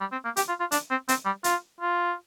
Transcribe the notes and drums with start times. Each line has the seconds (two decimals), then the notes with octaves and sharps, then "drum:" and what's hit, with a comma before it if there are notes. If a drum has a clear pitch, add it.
0.01 G3
0.12 C4
0.24 A#3
0.36 G4, drum: hi-hat
0.48 F4
0.60 F4
0.72 D4, drum: hi-hat
0.90 C4
1.08 C4, drum: hi-hat
1.25 G3
1.44 F4, drum: hi-hat
1.80 F4